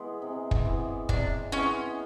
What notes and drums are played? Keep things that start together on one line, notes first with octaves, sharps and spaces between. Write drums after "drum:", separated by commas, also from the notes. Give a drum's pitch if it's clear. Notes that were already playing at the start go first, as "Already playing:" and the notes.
Already playing: E3 G#3 B3
C3
drum: kick
E3 G#3 B3
C3 D4, drum: kick
E3 G#3 B3 C#4